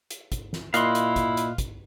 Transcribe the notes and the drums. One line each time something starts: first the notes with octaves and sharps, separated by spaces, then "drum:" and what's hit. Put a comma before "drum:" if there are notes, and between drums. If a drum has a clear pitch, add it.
drum: hi-hat
drum: kick, hi-hat
drum: snare
A#2 E4 D#5 F5 C6 F#6, drum: hi-hat
drum: hi-hat
drum: kick, hi-hat
drum: hi-hat
drum: kick, hi-hat